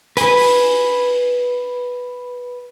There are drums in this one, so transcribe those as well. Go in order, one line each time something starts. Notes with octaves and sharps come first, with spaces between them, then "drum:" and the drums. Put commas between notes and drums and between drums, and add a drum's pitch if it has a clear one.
B4 G#5, drum: hi-hat
drum: open hi-hat